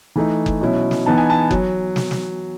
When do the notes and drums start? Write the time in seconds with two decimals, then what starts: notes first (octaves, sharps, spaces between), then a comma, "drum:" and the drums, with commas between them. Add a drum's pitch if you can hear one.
0.16 E3 A3 D#4
0.46 drum: kick F#1
0.61 B2 F#3 C#4 E4
0.91 drum: snare
1.06 E3 B3 D#4 A5
1.18 G#5
1.30 A5
1.51 F#3, drum: kick F#1
1.96 drum: snare
2.11 drum: snare